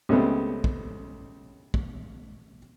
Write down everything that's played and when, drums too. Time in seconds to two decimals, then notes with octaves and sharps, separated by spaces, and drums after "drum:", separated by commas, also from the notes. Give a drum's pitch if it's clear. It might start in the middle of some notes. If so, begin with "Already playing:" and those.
0.09 C#2 C#3 G3 A3 B3 C4
0.64 drum: kick
1.74 drum: kick